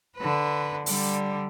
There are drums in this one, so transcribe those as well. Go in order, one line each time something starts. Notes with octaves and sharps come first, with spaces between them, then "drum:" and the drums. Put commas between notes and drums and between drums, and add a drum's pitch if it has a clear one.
D3 B4
D3 G3, drum: open hi-hat